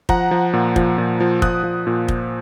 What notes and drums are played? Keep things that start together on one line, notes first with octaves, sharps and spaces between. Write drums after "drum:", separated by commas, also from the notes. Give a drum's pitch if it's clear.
F3 F#5 A#5, drum: kick
F3
A#2
F3, drum: kick
A#2
F3
F3 D#6 F#6, drum: kick
F3
A#2
drum: kick